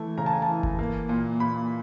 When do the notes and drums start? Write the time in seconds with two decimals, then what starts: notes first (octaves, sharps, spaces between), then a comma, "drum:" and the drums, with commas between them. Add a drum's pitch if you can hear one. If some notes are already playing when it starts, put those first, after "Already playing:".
Already playing: E3 A3
0.18 C#3 A#5
0.26 A5
0.33 G#5
0.42 A5
0.48 E3
0.63 drum: kick G1
0.79 A#3
1.09 A#2
1.40 A#2 B5